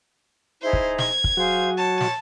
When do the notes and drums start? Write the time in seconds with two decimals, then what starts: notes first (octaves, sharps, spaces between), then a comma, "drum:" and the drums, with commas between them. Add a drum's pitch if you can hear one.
0.62 D#4 E4 G#4 C5
0.73 drum: kick
0.99 G#6, drum: snare
1.24 drum: kick
1.37 F#3 F#4 G#4 C5 F5
1.77 C#5 A5
2.01 drum: snare